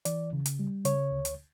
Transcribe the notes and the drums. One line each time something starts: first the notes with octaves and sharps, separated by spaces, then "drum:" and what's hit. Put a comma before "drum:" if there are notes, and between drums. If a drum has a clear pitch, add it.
E3 D5, drum: hi-hat
C#3
drum: hi-hat
G3
C#3 C#5, drum: hi-hat
D2
drum: hi-hat